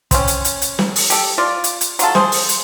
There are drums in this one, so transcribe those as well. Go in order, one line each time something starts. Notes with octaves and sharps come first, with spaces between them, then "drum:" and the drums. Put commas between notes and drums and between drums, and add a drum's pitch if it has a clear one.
C4 C#4, drum: kick, hi-hat
drum: hi-hat
drum: hi-hat
drum: hi-hat
drum: snare
drum: open hi-hat
G4 A4, drum: hi-hat
F4 D5
drum: hi-hat
drum: hi-hat
F#3 F4 A4, drum: hi-hat
G#4 C5, drum: snare
drum: open hi-hat
drum: hi-hat